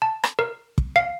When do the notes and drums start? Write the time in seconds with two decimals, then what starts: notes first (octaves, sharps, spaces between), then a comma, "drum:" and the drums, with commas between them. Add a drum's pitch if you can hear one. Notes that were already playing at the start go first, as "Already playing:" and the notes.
0.02 A5
0.24 drum: rim click
0.39 A#4
0.78 drum: kick
0.96 F5